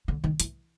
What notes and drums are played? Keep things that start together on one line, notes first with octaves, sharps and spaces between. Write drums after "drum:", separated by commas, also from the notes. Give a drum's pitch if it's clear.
D3
D#3
E3, drum: hi-hat